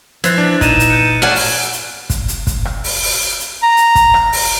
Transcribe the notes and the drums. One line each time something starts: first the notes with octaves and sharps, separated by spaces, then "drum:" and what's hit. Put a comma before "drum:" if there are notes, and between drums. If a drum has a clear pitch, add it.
E3 F3 C5 E6 F#6 G#6 A6, drum: hi-hat
D4
A#2 D#4 E6 D#7 E7, drum: kick, hi-hat
drum: hi-hat
G6 C#7
A2 A3 D5 F#5 G#5 F6
drum: open hi-hat
drum: hi-hat
drum: kick, hi-hat
drum: hi-hat
drum: kick, hi-hat
drum: rim click
drum: open hi-hat
drum: open hi-hat
drum: hi-hat
drum: hi-hat
A#5
drum: hi-hat
drum: kick, hi-hat
drum: rim click
drum: open hi-hat